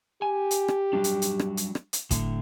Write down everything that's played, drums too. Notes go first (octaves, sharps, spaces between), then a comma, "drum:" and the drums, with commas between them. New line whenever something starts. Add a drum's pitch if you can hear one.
G4 G#5
drum: hi-hat
drum: rim click
F#3 G3 D4
drum: hi-hat
drum: hi-hat
drum: rim click
drum: hi-hat
drum: rim click
drum: hi-hat
A2 D3, drum: kick, hi-hat